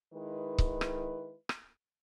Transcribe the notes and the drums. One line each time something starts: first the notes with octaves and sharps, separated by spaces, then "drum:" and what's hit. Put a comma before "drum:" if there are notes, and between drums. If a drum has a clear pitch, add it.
D#3 G#3 E4 B4
drum: kick C#1
drum: rim click
drum: rim click